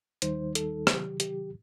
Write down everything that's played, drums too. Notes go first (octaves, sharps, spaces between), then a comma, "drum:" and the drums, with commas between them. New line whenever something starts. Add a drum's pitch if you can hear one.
D#2 D#3 G3 D#4 C5, drum: hi-hat
A4, drum: hi-hat
C3 D#3 F#3 G4, drum: rim click
G4, drum: hi-hat